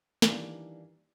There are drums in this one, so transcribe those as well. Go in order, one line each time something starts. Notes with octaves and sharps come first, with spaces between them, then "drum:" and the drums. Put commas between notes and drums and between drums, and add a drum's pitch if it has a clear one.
D#3 E3 G3 A#3 D4 E4, drum: snare